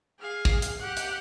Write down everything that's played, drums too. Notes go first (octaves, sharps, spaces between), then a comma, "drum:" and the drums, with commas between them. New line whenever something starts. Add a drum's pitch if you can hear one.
G#4 F5
drum: kick
drum: hi-hat
G4 F#5
drum: hi-hat